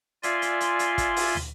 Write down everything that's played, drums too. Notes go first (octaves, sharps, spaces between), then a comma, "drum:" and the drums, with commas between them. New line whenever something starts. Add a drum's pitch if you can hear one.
F4 D5 E5 G#5 C6, drum: hi-hat
drum: hi-hat
drum: hi-hat
drum: hi-hat
drum: kick, hi-hat
drum: open hi-hat
drum: tom